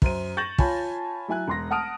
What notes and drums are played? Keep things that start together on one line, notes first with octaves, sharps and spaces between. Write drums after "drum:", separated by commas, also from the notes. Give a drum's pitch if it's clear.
F#2 C5 D#7, drum: kick
C#6 G6 A6 A#6 E7 F#7
F4 C#5 G#5 A5 B5, drum: kick
F#3 E4 G#5 F#6
E1 C6 A#6
F#5 A5 D#6 F6 D7